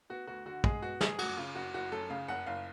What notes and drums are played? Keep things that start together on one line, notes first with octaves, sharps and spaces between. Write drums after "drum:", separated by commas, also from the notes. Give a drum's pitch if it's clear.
B3 F#4
D2 F#4
D3 F#4
G#3 G#4, drum: kick
B3 F#4
D2 G#4, drum: snare
F#2 F#4, drum: cymbal
C#3 F4
F#1 F#4
F#1 F#4
F#2 A4
C#3 F5
F#1 F#5
F#1 F5